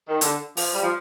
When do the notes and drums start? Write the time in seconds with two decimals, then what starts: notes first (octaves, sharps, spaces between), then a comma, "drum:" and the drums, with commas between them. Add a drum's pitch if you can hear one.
0.08 D#3
0.21 D3, drum: hi-hat
0.57 F3, drum: open hi-hat
0.73 G3
0.83 F3